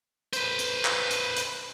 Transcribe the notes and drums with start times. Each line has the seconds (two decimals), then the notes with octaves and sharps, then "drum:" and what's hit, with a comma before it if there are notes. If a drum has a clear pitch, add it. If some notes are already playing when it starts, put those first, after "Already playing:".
0.33 B4 C5, drum: hi-hat
0.59 drum: hi-hat
0.85 drum: clap
1.11 drum: hi-hat
1.37 drum: hi-hat